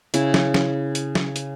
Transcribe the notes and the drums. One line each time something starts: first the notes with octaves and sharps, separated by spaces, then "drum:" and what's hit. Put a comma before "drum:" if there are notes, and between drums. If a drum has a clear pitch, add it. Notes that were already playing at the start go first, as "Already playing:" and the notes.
C#3 E4, drum: hi-hat
drum: snare
drum: snare
drum: hi-hat
drum: snare
drum: hi-hat